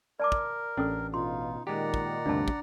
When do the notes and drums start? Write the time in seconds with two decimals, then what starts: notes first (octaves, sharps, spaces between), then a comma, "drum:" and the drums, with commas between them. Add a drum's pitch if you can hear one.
0.20 A#4 D5 A5 D6
0.32 drum: kick
0.77 A1 C#4 D4 A4 B4
1.14 B2 D#4 F4 C6
1.67 A#2 D#3 G#3 G4 D5 F#5 A#5
1.94 drum: kick
2.26 D2 G2 C3 D4 A5
2.48 drum: kick